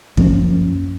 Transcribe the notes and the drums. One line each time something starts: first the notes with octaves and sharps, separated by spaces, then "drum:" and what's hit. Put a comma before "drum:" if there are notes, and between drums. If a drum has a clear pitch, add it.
F#2 F3 A#3 C#4, drum: kick